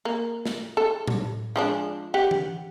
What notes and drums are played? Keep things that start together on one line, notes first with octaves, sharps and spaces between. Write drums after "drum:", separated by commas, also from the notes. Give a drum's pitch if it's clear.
A#3
drum: snare
A4
drum: tom A2
F3 G#3 D4
G4 F#5
drum: tom E3